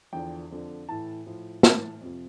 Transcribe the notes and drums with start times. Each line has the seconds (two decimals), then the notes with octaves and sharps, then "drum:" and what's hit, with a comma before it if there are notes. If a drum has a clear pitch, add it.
0.13 E2 D3 F3 G5
0.51 F2 D3 F3
0.89 A2 E3 A5
1.27 A2 F3
1.63 A2 E3 A5, drum: snare
2.01 F2 C3 F3